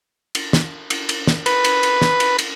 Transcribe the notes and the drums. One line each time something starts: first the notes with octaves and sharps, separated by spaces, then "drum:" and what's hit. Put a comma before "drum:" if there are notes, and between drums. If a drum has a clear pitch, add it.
drum: cymbal
drum: snare
drum: cymbal
drum: cymbal
drum: snare
B4, drum: cymbal
drum: cymbal
drum: cymbal
drum: snare
drum: cymbal
drum: cymbal